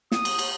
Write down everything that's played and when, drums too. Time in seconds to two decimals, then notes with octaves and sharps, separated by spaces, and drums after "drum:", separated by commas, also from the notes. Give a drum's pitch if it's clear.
0.12 D#6, drum: snare
0.25 drum: cymbal
0.39 drum: cymbal